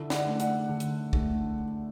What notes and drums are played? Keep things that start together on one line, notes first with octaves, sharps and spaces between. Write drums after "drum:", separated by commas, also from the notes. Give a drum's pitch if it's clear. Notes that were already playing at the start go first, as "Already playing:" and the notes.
Already playing: D3 E4 A4
D5 F#5, drum: snare
A3 D4
D5 F#5, drum: hi-hat
D3
drum: hi-hat
A3 D4, drum: kick